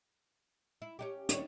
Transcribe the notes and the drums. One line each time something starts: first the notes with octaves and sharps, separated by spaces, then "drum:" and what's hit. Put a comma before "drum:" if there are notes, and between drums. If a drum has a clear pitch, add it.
E4
C#4 D#4 G4
D#2 G3 C#5, drum: hi-hat